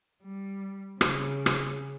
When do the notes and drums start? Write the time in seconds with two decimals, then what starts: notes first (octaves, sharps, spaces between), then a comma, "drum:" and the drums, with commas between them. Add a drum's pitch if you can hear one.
0.23 G3
1.01 C#3, drum: rim click
1.46 drum: rim click